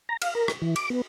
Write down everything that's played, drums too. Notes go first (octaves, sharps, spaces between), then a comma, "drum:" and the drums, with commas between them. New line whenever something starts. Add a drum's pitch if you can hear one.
A#5
F5, drum: cymbal
A#4
drum: rim click
E3
D6, drum: cymbal
B3